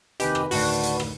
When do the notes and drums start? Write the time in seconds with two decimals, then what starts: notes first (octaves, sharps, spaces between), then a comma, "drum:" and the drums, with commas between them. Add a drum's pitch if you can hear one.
0.20 D#2 C3 D#3 G4 B4 D#5 G#5 B5, drum: hi-hat
0.35 drum: rim click
0.51 D2 A2 D#3 F#4 D5 A5 C#6, drum: open hi-hat
0.83 drum: hi-hat
0.99 drum: rim click